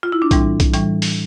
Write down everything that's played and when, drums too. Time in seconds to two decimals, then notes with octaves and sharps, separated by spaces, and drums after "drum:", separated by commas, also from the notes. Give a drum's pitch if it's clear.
0.03 F4
0.12 E4
0.22 D4
0.31 A2 E3 G3 C4, drum: kick B1, hi-hat
0.60 drum: kick B1, hi-hat
0.74 A2 E3 G3, drum: hi-hat
1.02 drum: open hi-hat